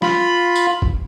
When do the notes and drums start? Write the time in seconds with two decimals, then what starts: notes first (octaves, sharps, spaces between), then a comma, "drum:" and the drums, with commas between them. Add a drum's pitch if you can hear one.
0.02 F4 B5, drum: snare
0.55 drum: tambourine
0.82 drum: kick